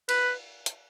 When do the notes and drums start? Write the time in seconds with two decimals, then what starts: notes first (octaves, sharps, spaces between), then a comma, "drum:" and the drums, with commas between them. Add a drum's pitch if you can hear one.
0.09 B4, drum: cymbal
0.66 drum: hi-hat